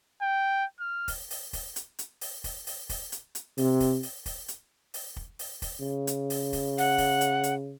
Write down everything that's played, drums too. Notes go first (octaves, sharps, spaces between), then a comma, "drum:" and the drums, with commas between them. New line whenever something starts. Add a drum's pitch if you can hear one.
G5
F6
drum: kick, open hi-hat
drum: open hi-hat
drum: kick, open hi-hat
drum: hi-hat
drum: hi-hat
drum: open hi-hat
drum: kick, open hi-hat
drum: open hi-hat
drum: kick, open hi-hat
drum: hi-hat
drum: hi-hat
C3, drum: open hi-hat
drum: kick, open hi-hat
drum: open hi-hat
drum: kick, open hi-hat
drum: hi-hat
drum: open hi-hat
drum: kick
drum: open hi-hat
drum: kick, open hi-hat
C#3
drum: hi-hat
drum: open hi-hat
drum: kick, open hi-hat
F#5, drum: open hi-hat
drum: kick, open hi-hat
drum: hi-hat
drum: hi-hat